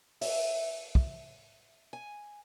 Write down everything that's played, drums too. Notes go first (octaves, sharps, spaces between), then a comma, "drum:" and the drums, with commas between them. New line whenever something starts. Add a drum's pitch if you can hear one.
E5, drum: open hi-hat
drum: kick
G#5